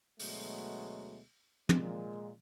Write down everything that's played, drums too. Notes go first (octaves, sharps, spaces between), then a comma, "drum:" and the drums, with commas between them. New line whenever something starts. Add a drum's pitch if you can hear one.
D2 B2 F#3 G#3 A3, drum: open hi-hat
A#2 G#3, drum: tom